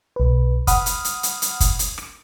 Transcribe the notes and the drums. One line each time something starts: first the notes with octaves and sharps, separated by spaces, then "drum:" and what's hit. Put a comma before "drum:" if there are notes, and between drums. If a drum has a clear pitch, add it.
B1 B4
F#5 B5 D#6 F6, drum: kick, hi-hat
drum: hi-hat
drum: hi-hat
drum: hi-hat
drum: hi-hat
drum: kick, hi-hat
drum: hi-hat
drum: rim click